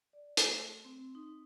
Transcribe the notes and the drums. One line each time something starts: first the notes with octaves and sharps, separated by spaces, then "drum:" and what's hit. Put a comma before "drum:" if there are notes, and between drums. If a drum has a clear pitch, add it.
D5
A3, drum: hi-hat
C4
D#4